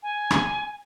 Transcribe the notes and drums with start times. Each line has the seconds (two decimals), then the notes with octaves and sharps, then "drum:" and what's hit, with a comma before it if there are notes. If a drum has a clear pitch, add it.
0.03 G#5
0.31 drum: rim click